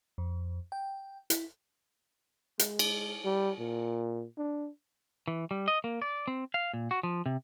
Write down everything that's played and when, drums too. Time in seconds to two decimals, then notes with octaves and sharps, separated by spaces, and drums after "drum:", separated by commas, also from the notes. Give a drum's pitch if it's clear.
0.18 F2
0.72 G5
1.30 E4, drum: hi-hat
2.59 G#3, drum: hi-hat
2.79 drum: cymbal
3.24 G3
3.59 A#2
4.38 D4
5.28 E3
5.51 G3
5.68 D#5
5.84 A#3
6.02 D5
6.28 C4
6.54 F5
6.74 A#2
6.91 F#4
7.03 F3
7.26 C3